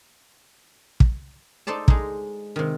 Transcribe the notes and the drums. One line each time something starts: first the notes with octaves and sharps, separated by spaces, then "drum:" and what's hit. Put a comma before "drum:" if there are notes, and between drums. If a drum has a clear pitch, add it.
drum: kick
D#4 A4 C5 D5 A5
G#3 D#4, drum: kick
C3 D#3